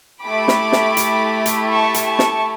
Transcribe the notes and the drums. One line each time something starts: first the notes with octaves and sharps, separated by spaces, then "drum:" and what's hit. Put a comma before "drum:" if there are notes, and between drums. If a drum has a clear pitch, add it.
A3 E4 G4 B5 D6
drum: snare
drum: snare
drum: hi-hat
drum: hi-hat
A5 C#6
drum: hi-hat
A5 C#6
drum: snare